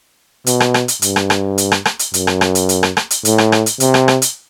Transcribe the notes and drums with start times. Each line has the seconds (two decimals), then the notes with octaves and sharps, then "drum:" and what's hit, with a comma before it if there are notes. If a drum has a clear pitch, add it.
0.46 B2, drum: hi-hat
0.60 drum: rim click
0.74 drum: rim click
0.88 drum: hi-hat
1.02 G2, drum: hi-hat
1.16 drum: rim click
1.30 drum: rim click
1.58 drum: hi-hat
1.72 drum: rim click
1.85 drum: rim click
1.99 drum: hi-hat
2.14 F#2, drum: hi-hat
2.27 drum: rim click
2.41 drum: rim click
2.55 drum: hi-hat
2.69 drum: hi-hat
2.83 drum: rim click
2.97 drum: rim click
3.11 drum: hi-hat
3.25 A2, drum: hi-hat
3.38 drum: rim click
3.52 drum: rim click
3.66 drum: hi-hat
3.80 C3, drum: hi-hat
3.94 drum: rim click
4.08 drum: rim click
4.22 drum: hi-hat